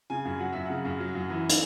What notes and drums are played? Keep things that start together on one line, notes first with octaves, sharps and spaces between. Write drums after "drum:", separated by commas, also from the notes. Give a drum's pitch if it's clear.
C#3 G#5
F#2
F#3 F#5
F#2 E5
C#3 F#5
F#2
F#3
F#2
E3
drum: hi-hat